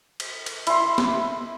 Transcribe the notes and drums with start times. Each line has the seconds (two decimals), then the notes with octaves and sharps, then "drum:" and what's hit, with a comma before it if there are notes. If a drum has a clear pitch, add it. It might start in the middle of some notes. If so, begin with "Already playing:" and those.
0.20 drum: cymbal
0.46 drum: cymbal
0.67 E4 C6, drum: cymbal
0.98 drum: snare